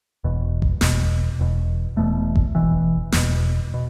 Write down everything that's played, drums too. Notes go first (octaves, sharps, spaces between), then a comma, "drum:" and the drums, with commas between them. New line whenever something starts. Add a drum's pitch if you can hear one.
E1 E2 B2
drum: kick G#1
E1 E2 B2, drum: snare
E1 E2 B2
E1 E2 B2 A3
drum: kick G#1
E1 E2 B2 E3
E1 E2 B2, drum: snare
B2